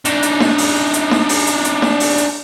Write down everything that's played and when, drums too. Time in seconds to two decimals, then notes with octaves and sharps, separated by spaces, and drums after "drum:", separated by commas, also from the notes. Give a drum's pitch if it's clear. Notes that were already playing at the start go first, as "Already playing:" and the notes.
0.05 D4 D#4, drum: hi-hat
0.23 drum: hi-hat
0.40 drum: snare D#4
0.58 drum: open hi-hat
0.94 drum: hi-hat
1.11 drum: snare D#4
1.29 drum: open hi-hat
1.47 drum: hi-hat
1.64 drum: hi-hat
1.82 drum: snare D#4
2.00 drum: open hi-hat
2.18 drum: hi-hat